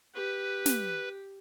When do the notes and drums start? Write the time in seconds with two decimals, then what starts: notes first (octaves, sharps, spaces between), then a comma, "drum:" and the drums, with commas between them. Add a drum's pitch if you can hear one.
0.14 G4 B4
0.66 drum: snare